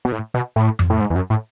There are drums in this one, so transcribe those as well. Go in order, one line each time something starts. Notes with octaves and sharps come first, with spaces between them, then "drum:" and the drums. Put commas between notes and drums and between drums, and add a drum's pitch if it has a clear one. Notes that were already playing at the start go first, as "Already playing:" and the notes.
B2
A2
B2
A2
drum: tom F2
A2
G#2
E2
F#2
A2